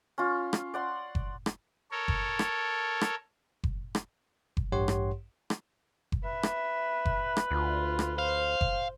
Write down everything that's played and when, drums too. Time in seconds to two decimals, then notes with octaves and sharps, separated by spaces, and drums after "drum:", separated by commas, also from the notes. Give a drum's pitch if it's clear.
0.18 C#4 F4
0.53 drum: rim click
0.74 D5 F#5 C6
1.15 drum: kick F#1
1.46 drum: rim click
1.91 A4 A#4 C#5
2.08 drum: kick F#1
2.39 drum: rim click
3.01 drum: rim click
3.64 drum: kick F#1
3.95 drum: rim click
4.57 drum: kick F#1
4.72 A1 G2 G4 C#5 F#5 C6
4.88 drum: rim click
5.50 drum: rim click
6.12 drum: kick F#1
6.25 B4 E5
6.43 drum: rim click
7.05 drum: kick F#1
7.37 drum: rim click
7.51 D2 F4
7.99 drum: rim click
8.19 C5 F5
8.61 drum: kick F#1